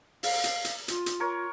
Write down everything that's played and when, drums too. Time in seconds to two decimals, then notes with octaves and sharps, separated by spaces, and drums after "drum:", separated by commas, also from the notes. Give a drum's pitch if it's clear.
0.23 F5, drum: open hi-hat
0.44 drum: hi-hat
0.65 drum: hi-hat
0.88 F4, drum: hi-hat
1.06 drum: hi-hat
1.20 A#4 C#5